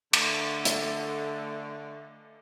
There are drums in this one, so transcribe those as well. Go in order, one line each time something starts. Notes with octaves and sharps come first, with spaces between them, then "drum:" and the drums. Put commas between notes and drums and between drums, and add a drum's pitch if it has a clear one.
D3 A3, drum: cymbal
drum: hi-hat